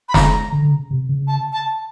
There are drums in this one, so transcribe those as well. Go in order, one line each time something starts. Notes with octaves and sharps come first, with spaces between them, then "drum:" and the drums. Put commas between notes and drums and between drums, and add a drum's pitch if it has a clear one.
B5
A#5, drum: snare
D3
D3
C#3
C3
C#3
A5
A5